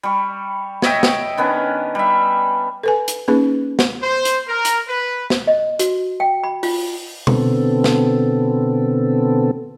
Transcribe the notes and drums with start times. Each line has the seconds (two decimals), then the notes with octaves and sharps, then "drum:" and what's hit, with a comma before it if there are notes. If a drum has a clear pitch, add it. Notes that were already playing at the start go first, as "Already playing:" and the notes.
0.03 G3 C#6
0.82 C#5 D#5 E5 G5, drum: snare
1.03 drum: snare
1.37 D#3 B3 C#4 D4
1.95 G3 E5
2.83 A4 B4 G#5
3.08 drum: hi-hat
3.28 A#3 C#4 D#4 G#4 B4
3.79 drum: snare
4.03 C5
4.25 drum: hi-hat
4.48 A#4
4.65 drum: hi-hat
4.88 B4
5.30 drum: snare
5.47 D#5
5.79 F#4, drum: hi-hat
6.20 G5
6.44 B5
6.63 F4, drum: open hi-hat
7.27 B2 D3 B3 C4 A4, drum: tom B2
7.84 drum: snare